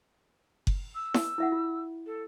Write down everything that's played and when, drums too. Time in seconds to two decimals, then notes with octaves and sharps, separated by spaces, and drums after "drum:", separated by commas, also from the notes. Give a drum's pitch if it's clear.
0.67 drum: kick F#1
0.95 E6
1.14 drum: snare E4
1.38 E4 E5 F#5
1.52 F4
2.06 A4